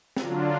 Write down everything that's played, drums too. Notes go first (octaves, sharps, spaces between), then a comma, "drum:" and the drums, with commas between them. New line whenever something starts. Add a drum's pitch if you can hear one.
D3 F#3 D4 F4 A#5, drum: snare